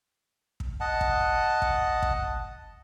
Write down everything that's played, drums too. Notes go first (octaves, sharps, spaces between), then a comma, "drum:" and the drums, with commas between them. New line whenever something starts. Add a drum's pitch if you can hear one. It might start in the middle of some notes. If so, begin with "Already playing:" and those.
drum: kick
D#5 F#5 A5
drum: kick
drum: kick
drum: kick